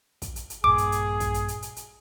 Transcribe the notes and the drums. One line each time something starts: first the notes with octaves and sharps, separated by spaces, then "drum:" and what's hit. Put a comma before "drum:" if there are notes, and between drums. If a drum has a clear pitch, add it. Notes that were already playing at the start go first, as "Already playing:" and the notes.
drum: kick, hi-hat
drum: hi-hat
drum: hi-hat
A#1 G2 A#2 G#4 D6
drum: hi-hat
drum: hi-hat
drum: kick, hi-hat
drum: hi-hat
drum: hi-hat
drum: hi-hat
drum: hi-hat